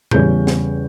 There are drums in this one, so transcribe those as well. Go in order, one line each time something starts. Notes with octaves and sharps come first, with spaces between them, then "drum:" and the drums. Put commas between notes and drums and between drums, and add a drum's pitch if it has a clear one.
E2 C#3 G3 C#4 G6, drum: tom A2
drum: snare